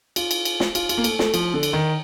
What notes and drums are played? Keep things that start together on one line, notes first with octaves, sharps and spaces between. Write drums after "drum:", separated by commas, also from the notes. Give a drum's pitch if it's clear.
F4, drum: cymbal
drum: cymbal
drum: cymbal
drum: snare
F4, drum: cymbal
F4, drum: cymbal
A#3
A3, drum: cymbal
A3, drum: snare
F3, drum: cymbal
D3
drum: cymbal
D#3